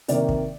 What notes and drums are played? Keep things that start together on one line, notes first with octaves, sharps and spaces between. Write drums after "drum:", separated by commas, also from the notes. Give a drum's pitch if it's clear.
C3 D#3 A#3 D5, drum: hi-hat
drum: kick